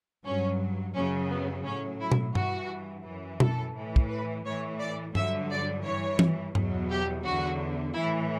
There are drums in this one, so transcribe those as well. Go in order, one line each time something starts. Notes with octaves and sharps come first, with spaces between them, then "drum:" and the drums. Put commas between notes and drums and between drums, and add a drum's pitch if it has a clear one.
G2 F#3 C#4
F#2 C#3 F#3 C#4
B3
A2 F#3 C#4
E4
drum: tom B2
G2 E3 F#4, drum: tom G2
F#2 E3
A4, drum: tom B2
A2 E3
drum: kick
B4
A2 E3 C#5
D5
G2 D3 F#3 E5, drum: tom G2
D5
G2 E3 C#5
drum: tom E3
E2 B2 F#3, drum: tom G2
G4
E2 D3 F#3 F#4
A2 E3 E4